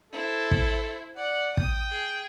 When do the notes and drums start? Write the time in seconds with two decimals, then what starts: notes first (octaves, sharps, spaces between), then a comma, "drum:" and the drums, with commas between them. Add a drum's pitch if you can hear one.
0.12 E4 A4 C5
0.51 drum: kick
1.17 D5 F#5
1.57 G5 D#6, drum: kick
1.91 G#4